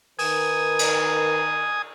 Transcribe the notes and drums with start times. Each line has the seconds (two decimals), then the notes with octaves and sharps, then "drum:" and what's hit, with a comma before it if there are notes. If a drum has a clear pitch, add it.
0.19 D#3 A#4 B4 G#5 D#6, drum: open hi-hat
0.79 drum: cymbal